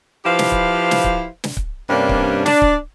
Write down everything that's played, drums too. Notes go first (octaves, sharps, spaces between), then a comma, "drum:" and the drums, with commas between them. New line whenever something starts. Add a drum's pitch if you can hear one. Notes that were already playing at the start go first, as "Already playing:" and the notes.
F3 E4 G4 B4 C5 F5
drum: snare
drum: kick C#1
drum: snare
drum: kick C#1
drum: snare
drum: kick C#1
G2 C3 G3 A#3 C#4 D4
drum: kick C#1
D4 D5, drum: snare
drum: kick C#1